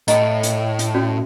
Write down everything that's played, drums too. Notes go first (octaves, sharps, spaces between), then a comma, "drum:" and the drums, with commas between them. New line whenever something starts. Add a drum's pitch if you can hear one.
A2 D#5 A#5, drum: hi-hat
drum: hi-hat
drum: hi-hat
C#4 F#4 D5